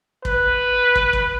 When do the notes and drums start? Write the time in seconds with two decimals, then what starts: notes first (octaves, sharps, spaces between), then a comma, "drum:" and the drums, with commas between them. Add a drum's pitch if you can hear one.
0.25 B4, drum: kick
0.96 drum: kick
1.13 drum: kick